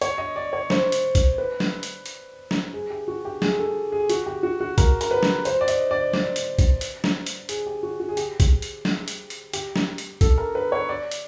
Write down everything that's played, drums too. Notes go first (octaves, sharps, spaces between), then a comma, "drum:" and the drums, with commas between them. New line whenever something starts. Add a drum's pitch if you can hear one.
C#5, drum: hi-hat
D#5
D5
C#5
C5, drum: snare
drum: hi-hat
drum: kick, hi-hat
B4
drum: snare
drum: hi-hat
drum: hi-hat
drum: snare
G#4
G4
F#4
G4
G#4, drum: snare
A4
G#4
F#4, drum: hi-hat
G4
F#4
F#4
A#4, drum: kick, hi-hat
A#4, drum: hi-hat
B4
drum: snare
C5, drum: hi-hat
D5
D#5, drum: hi-hat
D5
D5, drum: snare
drum: hi-hat
drum: kick, hi-hat
drum: hi-hat
drum: snare
drum: hi-hat
G#4, drum: hi-hat
G4
F#4
F#4
G#4
G4, drum: hi-hat
drum: kick, hi-hat
drum: hi-hat
drum: snare
drum: hi-hat
drum: hi-hat
G4, drum: hi-hat
drum: snare
drum: hi-hat
A4, drum: kick, hi-hat
A#4
B4
C#5
D5
drum: hi-hat